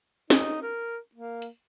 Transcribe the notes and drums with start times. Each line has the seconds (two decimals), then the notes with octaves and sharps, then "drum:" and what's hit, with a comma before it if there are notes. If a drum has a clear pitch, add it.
0.30 D#4, drum: snare
0.63 A#4
1.15 A#3
1.42 drum: hi-hat